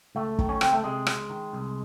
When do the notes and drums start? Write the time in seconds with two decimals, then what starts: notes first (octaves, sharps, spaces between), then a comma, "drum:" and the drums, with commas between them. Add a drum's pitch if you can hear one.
0.15 C#2 A3
0.39 D#3, drum: kick
0.49 C#4
0.61 C#2 C4, drum: rim click
0.73 A3
0.84 C3 G#3
1.07 C#2, drum: rim click
1.30 D#3
1.53 C2